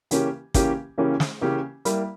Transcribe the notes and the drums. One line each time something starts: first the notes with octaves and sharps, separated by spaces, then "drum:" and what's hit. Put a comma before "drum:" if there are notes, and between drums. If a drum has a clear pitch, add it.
C#3 E3 A#3 C#4 G4, drum: hi-hat
C#3 E3 A#3 C#4 G4, drum: kick, hi-hat
C#3 E3 A#3 C#4 G4
drum: snare
C#3 E3 A#3 C#4 G4
G3 A#3 E4, drum: hi-hat